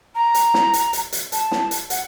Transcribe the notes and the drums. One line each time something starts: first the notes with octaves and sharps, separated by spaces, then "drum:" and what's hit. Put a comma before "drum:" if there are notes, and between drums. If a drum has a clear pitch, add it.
A#5
drum: hi-hat
drum: snare
drum: hi-hat
drum: hi-hat
drum: hi-hat
A5, drum: hi-hat
drum: snare
drum: hi-hat
F#5, drum: hi-hat